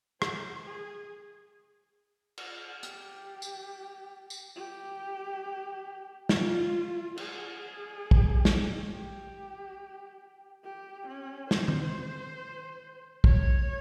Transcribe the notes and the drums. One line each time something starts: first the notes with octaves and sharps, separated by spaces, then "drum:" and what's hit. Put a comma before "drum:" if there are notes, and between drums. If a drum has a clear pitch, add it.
C5, drum: rim click
G#4
drum: cymbal
G4, drum: hi-hat
drum: tambourine
drum: tambourine
G4
F4, drum: snare
G#4, drum: cymbal
drum: kick
drum: snare
G4
G4
C#4
C5, drum: snare
drum: tom
C#5, drum: kick